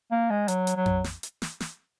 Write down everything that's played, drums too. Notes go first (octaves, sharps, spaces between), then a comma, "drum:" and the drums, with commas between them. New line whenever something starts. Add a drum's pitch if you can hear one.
A#3
G#3
F#3, drum: hi-hat
drum: hi-hat
F#3
drum: tom F2
drum: snare
drum: hi-hat
drum: snare
drum: snare